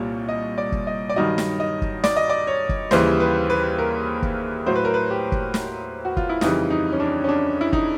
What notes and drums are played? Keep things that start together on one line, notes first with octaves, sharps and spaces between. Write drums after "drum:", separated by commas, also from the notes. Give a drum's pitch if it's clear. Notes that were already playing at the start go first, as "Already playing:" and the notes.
Already playing: C2 A#2 G3 C#5
D#5
D5
drum: kick
D#5
D5
G2 D#3 F#3 D#5
drum: snare
D#5
drum: kick
D5, drum: snare
D#5
D5
C#5
drum: kick
D#2 C#3 E3 G3 C5, drum: snare
B4
B4
A#4
drum: kick
A2 F#3 C5
B4
A#4
B4
G4
drum: kick
drum: snare
F#4
F4, drum: kick
E4
F2 C#3 E3 G3 D#4, drum: snare
D#4
C#4
D4
C#4
D4
E4
D#4, drum: kick